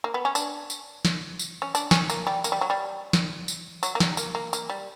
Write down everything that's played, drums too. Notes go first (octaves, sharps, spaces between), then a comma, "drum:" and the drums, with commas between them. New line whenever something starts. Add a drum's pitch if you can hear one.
A#3
B3
C#4
D4, drum: tambourine
drum: tambourine
drum: snare
drum: tambourine
C#4
D4, drum: tambourine
C#4, drum: snare
A#3, drum: tambourine
G3
A#3, drum: tambourine
G3
F#3
G3
drum: snare
drum: tambourine
F#3, drum: tambourine
A#3
G3, drum: snare
A#3, drum: tambourine
A#3
A#3, drum: tambourine
G3